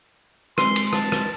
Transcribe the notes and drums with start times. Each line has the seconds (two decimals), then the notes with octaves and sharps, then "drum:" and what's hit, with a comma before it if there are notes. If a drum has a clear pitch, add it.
0.58 G#3 C4 C6, drum: rim click
0.76 drum: cymbal
0.93 A5, drum: rim click
1.12 drum: rim click